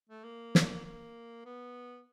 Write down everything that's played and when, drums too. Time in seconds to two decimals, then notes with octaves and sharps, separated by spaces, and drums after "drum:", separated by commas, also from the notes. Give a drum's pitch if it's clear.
0.09 A3
0.24 A#3
0.55 drum: snare
0.85 A#3
1.45 B3